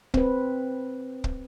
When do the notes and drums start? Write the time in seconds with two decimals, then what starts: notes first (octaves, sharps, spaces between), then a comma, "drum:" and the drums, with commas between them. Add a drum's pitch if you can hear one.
0.14 C4 B4, drum: kick
1.24 drum: kick